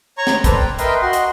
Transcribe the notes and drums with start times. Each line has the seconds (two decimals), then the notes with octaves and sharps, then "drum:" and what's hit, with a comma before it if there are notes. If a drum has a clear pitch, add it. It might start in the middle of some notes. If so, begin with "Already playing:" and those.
0.18 C#5 A#5 C#6
0.27 drum: snare
0.44 A4 B4 C5 D5 A#5, drum: kick, hi-hat
0.57 G5
0.79 A#4 B4 D#5 E5 G5 C6, drum: hi-hat
1.02 F#4 D#5 C6
1.13 drum: hi-hat